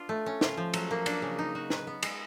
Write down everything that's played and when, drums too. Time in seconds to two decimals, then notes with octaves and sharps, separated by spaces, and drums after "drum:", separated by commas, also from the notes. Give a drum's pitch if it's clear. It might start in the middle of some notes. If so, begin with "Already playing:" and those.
Already playing: B3 D4 F4
0.09 A3
0.26 C#4
0.41 F4, drum: snare
0.57 F3
0.74 F#3, drum: cymbal
0.91 A#3
1.06 D4, drum: cymbal
1.22 C#3
1.39 D#4
1.55 F#4
1.70 B4, drum: snare
1.87 B3
2.03 G#3, drum: cymbal